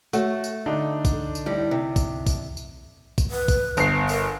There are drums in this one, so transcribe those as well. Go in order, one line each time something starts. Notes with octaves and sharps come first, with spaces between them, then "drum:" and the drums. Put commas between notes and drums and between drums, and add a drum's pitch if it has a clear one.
A3 F#4 C#5, drum: tambourine
drum: tambourine
D3 D4 D#4
drum: kick, tambourine
drum: tambourine
A2 G3
C3
drum: kick, tambourine
drum: kick, tambourine
drum: tambourine
drum: kick, tambourine
B4
drum: kick, tambourine
G1 C7, drum: tambourine
A#4, drum: tambourine